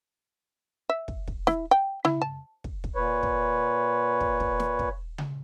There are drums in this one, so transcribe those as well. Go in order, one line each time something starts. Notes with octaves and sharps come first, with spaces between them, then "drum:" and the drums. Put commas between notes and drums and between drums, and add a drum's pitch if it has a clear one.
E5
drum: kick
drum: kick
E4, drum: snare
G5
E4, drum: tom C#3
A5
drum: kick
drum: kick
A#2 B4 C#5
drum: kick
drum: kick
drum: kick
drum: snare
drum: kick
drum: tom C#3